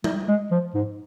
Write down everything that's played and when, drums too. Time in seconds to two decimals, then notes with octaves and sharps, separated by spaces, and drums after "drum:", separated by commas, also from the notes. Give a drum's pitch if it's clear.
0.04 G3, drum: tom G3
0.28 G#3
0.51 F3
0.75 G#2